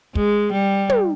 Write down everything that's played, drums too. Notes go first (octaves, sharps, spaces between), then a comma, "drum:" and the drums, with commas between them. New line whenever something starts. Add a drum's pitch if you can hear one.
G#3, drum: kick
G3
drum: tom